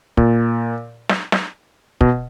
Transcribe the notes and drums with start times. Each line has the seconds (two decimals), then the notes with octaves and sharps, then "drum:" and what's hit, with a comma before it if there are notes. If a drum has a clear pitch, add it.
0.17 A#2, drum: kick
1.09 drum: snare
1.32 drum: snare
2.01 B2, drum: kick